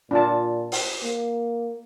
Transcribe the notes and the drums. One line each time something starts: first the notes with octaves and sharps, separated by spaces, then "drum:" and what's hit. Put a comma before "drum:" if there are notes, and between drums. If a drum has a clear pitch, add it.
A#2 D4 F4 A5
drum: open hi-hat
A#3